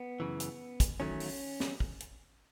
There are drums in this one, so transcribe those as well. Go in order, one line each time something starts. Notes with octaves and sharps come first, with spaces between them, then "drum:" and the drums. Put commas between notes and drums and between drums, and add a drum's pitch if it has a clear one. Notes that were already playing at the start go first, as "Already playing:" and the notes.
Already playing: B3
F#2 C#3 E3
drum: hi-hat
drum: kick, hi-hat
E2 D#3 F#3 A3 C#4
drum: open hi-hat
drum: snare
drum: kick
drum: hi-hat